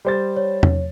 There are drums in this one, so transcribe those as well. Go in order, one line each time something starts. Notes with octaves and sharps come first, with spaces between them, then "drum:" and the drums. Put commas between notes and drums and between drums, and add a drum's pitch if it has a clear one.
G3 C5 A6
C#5
drum: tom E2